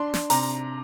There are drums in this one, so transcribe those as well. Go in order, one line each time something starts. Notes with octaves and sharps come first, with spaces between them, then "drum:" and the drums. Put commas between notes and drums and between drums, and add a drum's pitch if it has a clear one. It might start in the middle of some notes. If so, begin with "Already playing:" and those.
Already playing: D4 C6
drum: snare
C3 A#5, drum: open hi-hat